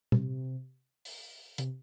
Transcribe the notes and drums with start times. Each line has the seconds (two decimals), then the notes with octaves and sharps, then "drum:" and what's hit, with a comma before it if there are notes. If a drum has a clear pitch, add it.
0.12 C3, drum: tom A#2
1.05 drum: open hi-hat
1.58 C3, drum: hi-hat